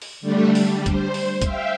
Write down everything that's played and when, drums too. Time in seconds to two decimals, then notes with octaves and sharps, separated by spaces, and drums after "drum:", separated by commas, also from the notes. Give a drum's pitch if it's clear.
0.02 drum: open hi-hat
0.21 D3 G3 A3 D4
0.55 G3, drum: open hi-hat
0.86 C5, drum: kick, hi-hat
1.14 drum: open hi-hat
1.42 E5 F5 G5, drum: kick, hi-hat